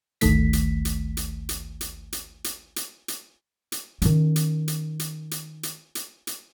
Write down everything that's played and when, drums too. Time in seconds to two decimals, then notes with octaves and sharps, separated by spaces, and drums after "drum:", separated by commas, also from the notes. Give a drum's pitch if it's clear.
0.21 G#1 D2 D#3 A3 B6, drum: hi-hat
0.53 drum: hi-hat
0.85 drum: hi-hat
1.17 drum: hi-hat
1.49 drum: hi-hat
1.81 drum: hi-hat
2.12 drum: hi-hat
2.44 drum: hi-hat
2.76 drum: hi-hat
3.08 drum: hi-hat
3.72 drum: hi-hat
4.02 D#3 C#4, drum: hi-hat
4.36 drum: hi-hat
4.68 drum: hi-hat
4.99 drum: hi-hat
5.31 drum: hi-hat
5.63 drum: hi-hat
5.95 drum: hi-hat
6.27 drum: hi-hat